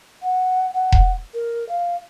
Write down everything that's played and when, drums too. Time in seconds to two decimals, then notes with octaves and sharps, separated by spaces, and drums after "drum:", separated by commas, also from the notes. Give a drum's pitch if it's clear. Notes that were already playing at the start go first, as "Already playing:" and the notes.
0.22 F#5
0.74 F#5
0.92 drum: kick E1
1.34 A#4
1.69 F5